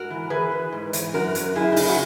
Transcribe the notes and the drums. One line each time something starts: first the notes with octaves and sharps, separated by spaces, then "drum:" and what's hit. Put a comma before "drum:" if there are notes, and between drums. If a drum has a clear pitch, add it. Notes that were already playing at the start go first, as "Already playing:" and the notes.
Already playing: G#2 F#4 A#4
E3
E3 G#4 B4
E3
G#2
E3, drum: hi-hat
F#2 F#4 A#4
F#2, drum: hi-hat
F#2 E4 G#4
D#4
C#3 E4, drum: open hi-hat
F#4